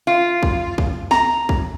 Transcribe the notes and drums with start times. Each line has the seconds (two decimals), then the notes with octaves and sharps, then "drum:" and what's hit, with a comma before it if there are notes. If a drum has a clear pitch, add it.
0.07 F4
0.43 drum: kick
0.78 drum: kick
1.11 A#5, drum: snare
1.49 drum: kick